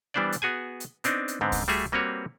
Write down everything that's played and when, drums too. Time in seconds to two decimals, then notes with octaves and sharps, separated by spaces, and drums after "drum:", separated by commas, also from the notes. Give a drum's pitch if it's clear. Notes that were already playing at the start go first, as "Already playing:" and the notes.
0.14 E3 G3 B3 D4 C5 D5
0.33 drum: hi-hat
0.42 B3 F#4 G#4 G#5
0.80 drum: hi-hat
1.04 B3 C4 D4 D#4, drum: hi-hat
1.28 drum: hi-hat
1.41 G#2 D3 B3 C4
1.52 drum: kick C#2, open hi-hat
1.68 G3 A3 F#4 G#4 E5
1.92 G3 A#3 C4 F#4 B4 C#5